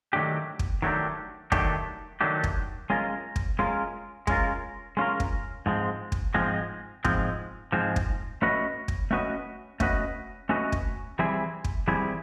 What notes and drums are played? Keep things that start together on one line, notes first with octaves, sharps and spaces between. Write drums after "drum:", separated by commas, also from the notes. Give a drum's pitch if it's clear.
D#3 F#3 A3 D4 G4
drum: kick
D#3 F#3 A3 D4 G4
D#3 F#3 A3 D4 G4, drum: kick
D#3 F#3 A3 D4 G4
drum: kick
G#3 C#4 F4 A#4
drum: kick
G#3 C#4 F4 A#4
G#3 C#4 F4 A#4, drum: kick
G#3 C#4 F4 A#4
drum: kick
G#2 F3 G#3 C4
drum: kick
G#2 F3 G#3 C4
G#2 F3 G#3 C4, drum: kick
G#2 F3 G#3 C4
drum: kick
A3 C#4 F#4 B4 D#5
drum: kick
A3 C#4 F#4 B4 D#5
A3 C#4 F#4 B4 D#5, drum: kick
A3 C#4 F#4 B4 D#5
drum: kick
E3 G3 C4 E4 G#4
drum: kick
E3 G3 C4 E4 G#4